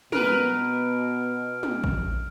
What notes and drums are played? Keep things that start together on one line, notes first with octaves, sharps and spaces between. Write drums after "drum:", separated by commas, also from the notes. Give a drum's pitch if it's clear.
B2 A#4 B4 F6 D7, drum: tom
drum: tom
drum: kick A1